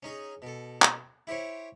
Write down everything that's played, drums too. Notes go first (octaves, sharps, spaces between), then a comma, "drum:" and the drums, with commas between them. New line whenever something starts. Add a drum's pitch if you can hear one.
C#4 D#4 G#4
B2 A4
drum: clap
E4 G4 C5 C#5